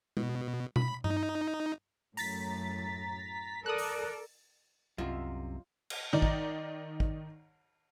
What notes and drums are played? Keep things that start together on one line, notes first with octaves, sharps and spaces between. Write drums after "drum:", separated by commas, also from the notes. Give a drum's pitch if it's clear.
B2, drum: tom G#3
B5, drum: tom B2
D#4, drum: tom G2
F#2 A2 A#5 A6 B6, drum: open hi-hat
A4 A#4 D5 D#6 F#6
drum: open hi-hat
C2 F#2 C3 F4 D#5 E5
drum: cymbal
D#3 D#4 D5
drum: kick
drum: kick